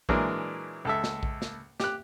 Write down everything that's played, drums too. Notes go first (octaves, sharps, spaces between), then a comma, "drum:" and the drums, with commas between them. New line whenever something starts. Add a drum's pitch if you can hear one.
A#2 E3 F#3 G#3 D4 A#4, drum: kick A#1
C#2 A4 E5
drum: snare
drum: kick A#1
drum: snare
G4 F#6, drum: snare